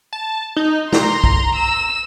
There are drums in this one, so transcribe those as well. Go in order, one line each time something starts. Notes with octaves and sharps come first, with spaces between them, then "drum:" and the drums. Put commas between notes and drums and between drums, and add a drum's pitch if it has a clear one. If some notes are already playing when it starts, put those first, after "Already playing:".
A5
D#4
A#5 C6, drum: snare
drum: kick
E6